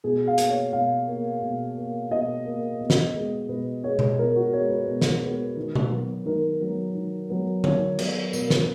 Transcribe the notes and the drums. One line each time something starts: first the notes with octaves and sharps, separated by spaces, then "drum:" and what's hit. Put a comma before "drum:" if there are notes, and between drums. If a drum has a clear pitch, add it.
B2 G#4
F5
A#3, drum: hi-hat
C#5
B2 F5
A#3
B2
A#3
B2 D#5
A#3
B2
drum: snare
G#3 B3
B2 B4
G#3 B3 C#5
drum: tom B2
B2 A#4
F#4
G#3 B3 C#5
B4
B2
drum: snare
G#3 B3
D#3
drum: tom B2
F#3 B3
D#3 A#4
F#3 B3
D#3
F#3 B3
D#3 C#5, drum: tom D3
F#3 B3, drum: cymbal
B2 A#4, drum: tambourine
B4, drum: snare